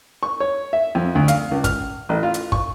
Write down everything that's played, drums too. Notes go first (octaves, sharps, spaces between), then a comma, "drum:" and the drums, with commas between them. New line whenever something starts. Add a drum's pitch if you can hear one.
C#6
C#5
E5
F2
D2
F5, drum: hi-hat
C#2
F6, drum: kick, hi-hat
A1
F4
drum: hi-hat
C#6, drum: kick